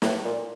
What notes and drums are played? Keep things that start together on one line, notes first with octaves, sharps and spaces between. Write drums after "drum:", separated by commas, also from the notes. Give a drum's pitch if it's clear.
A2, drum: snare
A#2